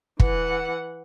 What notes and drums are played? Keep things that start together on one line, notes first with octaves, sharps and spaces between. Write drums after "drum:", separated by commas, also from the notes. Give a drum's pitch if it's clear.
E3 F#5, drum: kick